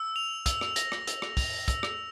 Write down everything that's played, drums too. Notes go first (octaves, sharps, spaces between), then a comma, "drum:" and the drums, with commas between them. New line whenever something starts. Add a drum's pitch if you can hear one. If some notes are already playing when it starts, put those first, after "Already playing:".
Already playing: E6
F7
E6, drum: kick, hi-hat
drum: rim click
A#6, drum: hi-hat
drum: rim click
E6, drum: hi-hat
drum: rim click
F7, drum: kick, open hi-hat
E6, drum: kick, hi-hat
drum: rim click